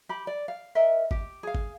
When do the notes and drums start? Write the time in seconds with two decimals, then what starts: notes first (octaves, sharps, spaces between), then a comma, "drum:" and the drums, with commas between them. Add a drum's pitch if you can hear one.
0.09 G4 B5
0.27 D5
0.48 F5
0.75 A#4 D#5 E5
1.11 G4, drum: kick G1
1.43 G#4 F5
1.55 drum: kick G1